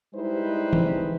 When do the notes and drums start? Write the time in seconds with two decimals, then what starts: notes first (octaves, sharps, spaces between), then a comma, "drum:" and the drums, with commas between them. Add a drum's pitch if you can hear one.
0.14 G3 G#3 D#4 E4 B4 C5
0.73 drum: tom E3